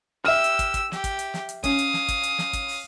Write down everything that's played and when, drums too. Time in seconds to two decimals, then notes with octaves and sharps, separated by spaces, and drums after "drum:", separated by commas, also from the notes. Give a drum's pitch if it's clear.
0.25 G4 E5 E6 F6
0.44 drum: hi-hat
0.59 drum: kick, hi-hat
0.74 drum: kick, hi-hat
0.92 G4, drum: snare
1.04 drum: kick, hi-hat
1.19 drum: hi-hat
1.34 drum: snare
1.49 drum: hi-hat
1.64 C#4 F5 D#6, drum: kick, hi-hat
1.79 drum: hi-hat
1.94 drum: snare
2.08 drum: kick, hi-hat
2.23 drum: hi-hat
2.38 drum: snare
2.53 drum: kick, hi-hat
2.68 drum: open hi-hat